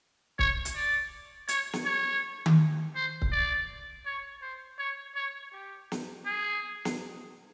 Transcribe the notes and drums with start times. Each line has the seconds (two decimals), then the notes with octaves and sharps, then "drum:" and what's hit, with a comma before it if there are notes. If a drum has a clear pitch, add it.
0.39 C#5, drum: kick C#1
0.65 drum: hi-hat
0.76 D5
1.48 C#5, drum: hi-hat
1.73 drum: snare
1.85 C#5
2.46 drum: tom D#3
2.95 C5
3.22 drum: kick C#1
3.32 D5
4.06 C#5
4.42 C5
4.79 C#5
5.16 C#5
5.53 G4
5.92 drum: snare
6.26 G#4
6.85 drum: snare